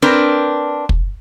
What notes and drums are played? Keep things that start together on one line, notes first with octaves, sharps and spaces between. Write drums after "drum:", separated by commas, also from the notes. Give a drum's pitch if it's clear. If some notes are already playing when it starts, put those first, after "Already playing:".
C4 D4 A#4 B4
drum: kick